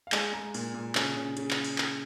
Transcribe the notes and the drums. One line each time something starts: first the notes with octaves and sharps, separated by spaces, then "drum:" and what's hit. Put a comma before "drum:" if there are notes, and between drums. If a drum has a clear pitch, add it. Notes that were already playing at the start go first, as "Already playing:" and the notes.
F5
G#3 G#5, drum: clap
G#3 A#5
A#2, drum: open hi-hat
A#2
C#3 G#5, drum: clap
C#3
C#3, drum: hi-hat
drum: clap
drum: open hi-hat
drum: clap